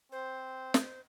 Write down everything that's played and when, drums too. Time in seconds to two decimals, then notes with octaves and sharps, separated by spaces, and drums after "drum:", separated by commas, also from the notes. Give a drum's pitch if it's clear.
0.12 C4 C5
0.74 drum: snare